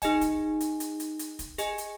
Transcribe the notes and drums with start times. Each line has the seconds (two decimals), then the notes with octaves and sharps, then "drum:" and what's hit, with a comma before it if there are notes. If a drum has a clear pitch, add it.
0.02 D#4 G#4 D#5 G#5, drum: kick, hi-hat
0.21 drum: kick, hi-hat
0.60 drum: hi-hat
0.80 drum: hi-hat
1.00 drum: hi-hat
1.19 drum: hi-hat
1.39 drum: kick, hi-hat
1.58 G#4 D#5 G#5, drum: hi-hat
1.78 drum: hi-hat